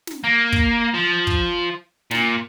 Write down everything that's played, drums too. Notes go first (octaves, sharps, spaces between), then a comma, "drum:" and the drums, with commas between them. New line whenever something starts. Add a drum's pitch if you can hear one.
drum: snare
A#3
drum: kick
F3
drum: kick
A#2, drum: snare